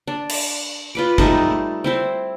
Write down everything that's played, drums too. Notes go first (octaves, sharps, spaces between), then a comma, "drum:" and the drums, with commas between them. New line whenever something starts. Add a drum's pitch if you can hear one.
D4
drum: cymbal
F4 B4 D6
G3 A3 D#4 A4, drum: kick
C4 E4 C5